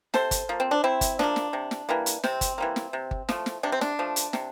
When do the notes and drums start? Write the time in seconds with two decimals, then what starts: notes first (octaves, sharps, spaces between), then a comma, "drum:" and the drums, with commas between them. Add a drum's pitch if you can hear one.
0.14 C3 A4 C5, drum: snare
0.31 drum: kick G1, hi-hat
0.49 F3 A#3
0.60 C4
0.71 D4
0.84 C3 C4 E4
1.01 drum: kick G1, hi-hat
1.19 F3 A#3 D4, drum: snare
1.36 drum: snare
1.53 C3
1.71 drum: snare
1.89 E3 G3 A#3
2.06 drum: hi-hat
2.23 C3 C4, drum: snare
2.41 drum: kick G1, hi-hat
2.58 E3 G3 A#3
2.76 drum: snare
2.93 C3
3.11 drum: kick G1
3.29 F3 A3, drum: snare
3.46 drum: snare
3.63 C3 D4
3.72 C4
3.81 D4, drum: snare
3.99 F3 A3
4.16 drum: hi-hat
4.33 C3, drum: snare